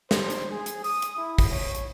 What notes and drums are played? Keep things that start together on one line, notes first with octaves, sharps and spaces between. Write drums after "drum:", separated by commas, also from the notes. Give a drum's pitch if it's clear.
C5, drum: snare
drum: hi-hat
G#4
drum: hi-hat
D#6, drum: open hi-hat
drum: hi-hat
E4
drum: kick, open hi-hat
C#5
drum: hi-hat